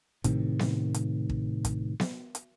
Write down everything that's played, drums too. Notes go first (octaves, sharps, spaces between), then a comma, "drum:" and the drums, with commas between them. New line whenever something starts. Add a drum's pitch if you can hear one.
A2 C3 D#3, drum: kick, hi-hat
drum: snare B3
drum: hi-hat
drum: kick
drum: kick, hi-hat
drum: snare B3
drum: hi-hat